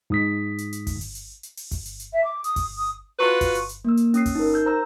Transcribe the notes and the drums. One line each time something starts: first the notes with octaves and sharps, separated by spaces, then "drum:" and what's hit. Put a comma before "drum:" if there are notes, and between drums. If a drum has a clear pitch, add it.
G#2 D#6 B6
drum: hi-hat
drum: hi-hat
drum: kick G1, open hi-hat
drum: open hi-hat
drum: hi-hat
drum: hi-hat
drum: open hi-hat
drum: kick G1, open hi-hat
drum: hi-hat
drum: hi-hat
E5
D6
D#6, drum: hi-hat
drum: kick G1, open hi-hat
D#6
F4 F#4 B4
drum: kick G1, open hi-hat
drum: hi-hat
drum: hi-hat
A#3 E6
drum: hi-hat
C#4 D#6 C7, drum: hi-hat
drum: kick G1, open hi-hat
D#4 A#4
E6 G6
C5 A#5 E6